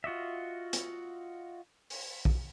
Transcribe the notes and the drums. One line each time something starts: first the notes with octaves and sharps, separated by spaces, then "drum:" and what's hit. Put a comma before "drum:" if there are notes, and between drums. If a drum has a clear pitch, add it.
F4 F#4 D#5 E5
drum: hi-hat
drum: open hi-hat
drum: kick